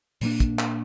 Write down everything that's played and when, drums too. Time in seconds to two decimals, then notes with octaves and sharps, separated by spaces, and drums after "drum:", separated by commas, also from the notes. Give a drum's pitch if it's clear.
0.21 A#2 G3 A#3 D4, drum: open hi-hat
0.40 drum: kick, hi-hat
0.59 drum: clap